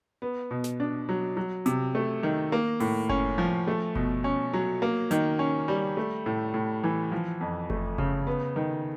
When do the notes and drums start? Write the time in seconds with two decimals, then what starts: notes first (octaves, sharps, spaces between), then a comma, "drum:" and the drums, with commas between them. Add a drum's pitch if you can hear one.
0.22 B3
0.51 B2
0.64 drum: snare
0.80 D4
1.09 F#3
1.37 F#3
1.66 C3, drum: hi-hat
1.95 A3
2.23 D#3
2.52 A#3
2.80 A2, drum: open hi-hat
3.09 C#4, drum: kick F#1
3.38 F3
3.67 A3
3.95 B2, drum: kick F#1
4.24 C#4
4.53 F#3
4.82 A#3
5.11 D#3, drum: hi-hat
5.39 C#4
5.68 G3
5.97 A3
6.26 A2
6.54 A2
6.84 E3
7.12 F3
7.41 F2
7.70 A3, drum: kick F#1
7.98 C#3, drum: kick F#1
8.27 B3
8.56 D#3